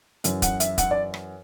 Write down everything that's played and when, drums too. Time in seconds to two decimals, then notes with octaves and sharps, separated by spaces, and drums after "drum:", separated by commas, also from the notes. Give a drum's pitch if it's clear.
0.24 F#2 E3, drum: hi-hat
0.42 F#5, drum: kick, hi-hat
0.60 E5, drum: hi-hat
0.78 F#5, drum: kick, hi-hat
0.91 D5
1.14 drum: rim click